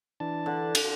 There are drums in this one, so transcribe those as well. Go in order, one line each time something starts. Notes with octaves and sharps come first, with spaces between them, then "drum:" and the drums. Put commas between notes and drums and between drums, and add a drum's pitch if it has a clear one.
E3 D4 A5
D3
drum: cymbal